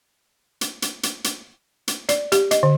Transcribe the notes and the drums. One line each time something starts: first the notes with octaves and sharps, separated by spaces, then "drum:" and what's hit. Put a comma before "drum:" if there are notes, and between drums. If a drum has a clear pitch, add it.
drum: hi-hat
drum: hi-hat
drum: hi-hat
drum: hi-hat
drum: hi-hat
D5, drum: hi-hat
G4, drum: hi-hat
D#5, drum: hi-hat
D3